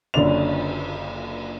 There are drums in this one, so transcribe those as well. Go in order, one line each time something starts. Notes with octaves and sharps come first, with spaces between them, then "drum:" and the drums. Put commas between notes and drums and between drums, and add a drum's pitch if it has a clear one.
F#1 D3 C#4 D4 D5 F7, drum: cymbal